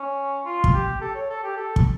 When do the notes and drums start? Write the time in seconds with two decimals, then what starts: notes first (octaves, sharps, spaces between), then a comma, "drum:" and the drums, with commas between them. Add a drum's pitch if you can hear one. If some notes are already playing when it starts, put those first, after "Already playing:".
Already playing: C#4
0.45 F4
0.64 drum: kick
0.73 G4
1.01 A4
1.15 C#5
1.30 A4
1.43 G4
1.57 A4
1.76 drum: kick